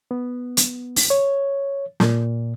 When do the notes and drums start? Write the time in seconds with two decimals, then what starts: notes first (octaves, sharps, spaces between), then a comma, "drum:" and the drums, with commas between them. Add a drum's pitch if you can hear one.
0.11 B3
0.57 drum: hi-hat
0.96 drum: open hi-hat
1.10 C#5
2.00 A#2, drum: snare